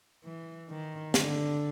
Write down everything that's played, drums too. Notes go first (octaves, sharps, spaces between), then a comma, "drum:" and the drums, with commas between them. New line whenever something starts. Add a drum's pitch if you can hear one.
E3
D#3
D3, drum: snare